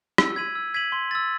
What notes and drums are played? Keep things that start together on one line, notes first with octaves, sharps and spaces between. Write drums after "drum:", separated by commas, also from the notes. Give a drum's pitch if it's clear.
E6, drum: rim click
G#6 B6 D#7 F#7
E6
G#6 B6 D#7 F#7
C6
E6 A6